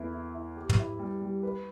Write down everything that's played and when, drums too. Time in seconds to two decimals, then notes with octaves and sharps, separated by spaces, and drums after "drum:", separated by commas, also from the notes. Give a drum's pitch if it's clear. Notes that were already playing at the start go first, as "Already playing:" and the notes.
Already playing: E2 E4 A4
0.13 E4
0.34 E4
0.57 G4
0.69 drum: tom
0.79 E4
0.99 G3
1.21 G3
1.43 B4